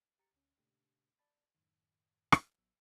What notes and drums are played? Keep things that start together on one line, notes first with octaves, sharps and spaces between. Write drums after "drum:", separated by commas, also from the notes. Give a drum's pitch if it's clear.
G4 A#5 A6 C#7
D2 C#4
A#2 C#3 A3 D4 G4
D5 A5 B5 A6
F#2 A2 D#3
drum: rim click
A1 F#3 B3 E6